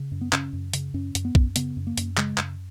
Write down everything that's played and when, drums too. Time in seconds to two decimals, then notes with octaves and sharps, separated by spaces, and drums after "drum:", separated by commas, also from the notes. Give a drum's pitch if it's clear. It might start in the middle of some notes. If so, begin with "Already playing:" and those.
Already playing: C#3
0.12 F#2
0.21 B3
0.33 C#3 C#4, drum: clap
0.53 F#2
0.73 C#3, drum: hi-hat
0.94 F#2 C#4
1.15 F#2, drum: hi-hat
1.25 B3
1.35 F#2, drum: kick
1.56 C#3 B3, drum: hi-hat
1.77 F#2
1.87 A#3
1.98 F#2, drum: hi-hat
2.17 C#3 G#3, drum: clap
2.38 F#2, drum: clap